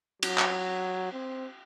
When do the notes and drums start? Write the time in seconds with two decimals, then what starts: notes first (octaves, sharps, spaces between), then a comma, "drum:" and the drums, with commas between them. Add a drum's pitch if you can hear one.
0.23 F#3, drum: cymbal
0.38 drum: clap
1.13 C4